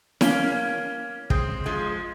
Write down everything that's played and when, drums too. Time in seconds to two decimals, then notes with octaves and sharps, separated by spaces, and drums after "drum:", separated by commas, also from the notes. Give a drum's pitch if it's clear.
0.21 A#3 C#4, drum: snare E4
1.30 G#3 C4, drum: kick
1.66 F3 G#3